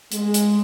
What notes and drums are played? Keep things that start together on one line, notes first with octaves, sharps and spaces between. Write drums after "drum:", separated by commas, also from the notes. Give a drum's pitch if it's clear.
G#3, drum: hi-hat
drum: hi-hat